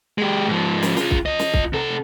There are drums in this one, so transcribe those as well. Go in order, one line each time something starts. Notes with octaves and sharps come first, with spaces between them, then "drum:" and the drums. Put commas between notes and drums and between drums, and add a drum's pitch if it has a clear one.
G#3 G4
G#2 F3
drum: snare
F4 G#4, drum: snare
drum: kick C2
F4 D#5
drum: snare
drum: kick C2
C3 A4